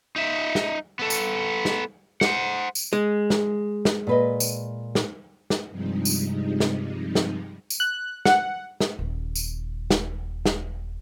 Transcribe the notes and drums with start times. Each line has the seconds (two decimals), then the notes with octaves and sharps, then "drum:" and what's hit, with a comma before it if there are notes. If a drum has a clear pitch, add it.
0.16 D#4 E5
0.55 drum: snare
0.99 B3 A4
1.10 drum: tambourine
1.65 drum: snare
2.21 C5 F#5, drum: snare
2.75 drum: tambourine
2.93 G#3
3.30 drum: snare
3.85 drum: snare
4.07 A#2 B4 D#5
4.40 drum: tambourine
4.95 drum: snare
5.50 drum: snare
5.70 G2 C3 F3 G3 G#3 D#4
6.05 drum: tambourine
6.60 drum: snare
7.15 drum: snare
7.70 drum: tambourine
7.80 F#6
8.25 F#5, drum: snare
8.80 drum: snare
8.99 D#1 D#3
9.35 drum: tambourine
9.90 drum: snare
10.46 drum: snare